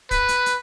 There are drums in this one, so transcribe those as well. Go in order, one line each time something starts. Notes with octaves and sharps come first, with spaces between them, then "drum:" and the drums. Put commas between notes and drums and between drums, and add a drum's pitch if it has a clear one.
B4, drum: kick, hi-hat
drum: hi-hat
drum: hi-hat